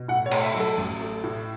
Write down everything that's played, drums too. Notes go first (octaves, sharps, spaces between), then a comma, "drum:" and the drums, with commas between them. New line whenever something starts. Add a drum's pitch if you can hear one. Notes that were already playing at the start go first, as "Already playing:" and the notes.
Already playing: B2
A2 F#5
C#5
A3, drum: cymbal
E5
F#3
A4
A1
A3
A2